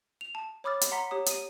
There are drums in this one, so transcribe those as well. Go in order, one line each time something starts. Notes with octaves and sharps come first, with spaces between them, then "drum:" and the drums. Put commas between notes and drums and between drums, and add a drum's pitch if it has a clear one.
F7
A5
C#5 B5 D6 D#6 F6 A6
drum: hi-hat
F#5 A#5 C6 B6
G4 C#5 D#6
D#6 D#7, drum: hi-hat